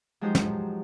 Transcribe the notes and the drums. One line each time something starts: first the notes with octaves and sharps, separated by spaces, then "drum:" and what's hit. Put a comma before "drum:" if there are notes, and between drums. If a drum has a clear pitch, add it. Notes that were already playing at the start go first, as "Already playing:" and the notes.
F3 F#3 G#3 D#4 G4 C5
drum: snare